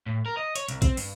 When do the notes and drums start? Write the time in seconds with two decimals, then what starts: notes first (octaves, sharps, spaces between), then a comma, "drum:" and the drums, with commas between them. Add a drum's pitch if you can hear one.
0.06 A2
0.26 A#4
0.37 D#5
0.56 C#5, drum: hi-hat
0.69 C2, drum: hi-hat
0.82 C4, drum: kick, hi-hat
0.97 G2, drum: open hi-hat